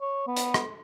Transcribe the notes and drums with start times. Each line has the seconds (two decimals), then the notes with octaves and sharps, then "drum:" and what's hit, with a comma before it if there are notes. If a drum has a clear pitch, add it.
0.01 C#5
0.27 B3
0.37 drum: hi-hat
0.54 drum: rim click